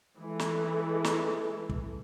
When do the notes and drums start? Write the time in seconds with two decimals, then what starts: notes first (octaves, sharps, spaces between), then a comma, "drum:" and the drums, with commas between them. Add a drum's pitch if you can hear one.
0.18 E3 G#3 E4 A4
0.39 drum: snare
1.04 drum: snare
1.69 drum: kick